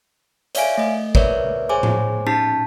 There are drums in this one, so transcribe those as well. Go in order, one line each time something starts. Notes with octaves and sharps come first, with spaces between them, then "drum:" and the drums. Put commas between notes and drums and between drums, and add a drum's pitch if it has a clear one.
C#5 D5 E5 F5 G#5 D7, drum: hi-hat
A3 D#5
A#4 B4 C#5 D5 E5, drum: kick
G#4 C5 C#5 G#5 D6
drum: tom A2
C#4 D#4 G4 A5 B6